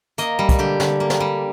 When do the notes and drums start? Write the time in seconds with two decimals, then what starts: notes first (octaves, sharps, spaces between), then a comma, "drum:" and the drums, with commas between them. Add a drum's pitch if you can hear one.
0.18 A#3 D#5, drum: hi-hat
0.39 G3
0.49 drum: kick, hi-hat
0.59 D3 G4
0.80 D3, drum: snare
1.00 A#3
1.10 drum: snare
1.20 G3